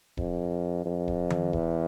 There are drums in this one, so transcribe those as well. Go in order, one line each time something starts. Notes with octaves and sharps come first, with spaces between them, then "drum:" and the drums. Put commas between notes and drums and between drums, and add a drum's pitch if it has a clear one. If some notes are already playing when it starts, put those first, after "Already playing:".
F2, drum: kick D#1
F2
drum: kick D#1
drum: tom D#3
E2, drum: kick D#1